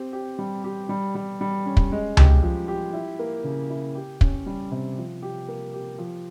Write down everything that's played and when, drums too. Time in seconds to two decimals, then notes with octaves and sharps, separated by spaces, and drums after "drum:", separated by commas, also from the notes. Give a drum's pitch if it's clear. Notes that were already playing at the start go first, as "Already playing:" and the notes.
Already playing: C4 G4
0.13 G4
0.39 G3
0.64 G4
0.89 G3
1.15 G3
1.41 G3
1.66 C#4
1.77 drum: kick
1.92 G#3
2.17 G4, drum: tom C#2
2.42 F3
2.68 G4
2.93 E4
3.19 A#3
3.44 C#3
3.70 E4
3.95 G4
4.21 C#4, drum: kick
4.47 G3
4.71 C3
4.97 F3
5.22 G4
5.48 A#3
5.74 G4
5.98 F3